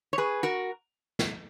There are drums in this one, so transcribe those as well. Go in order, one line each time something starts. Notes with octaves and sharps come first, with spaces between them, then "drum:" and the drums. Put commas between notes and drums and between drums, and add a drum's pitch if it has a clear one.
C#5
G#4 B4
F#4 A#4
drum: snare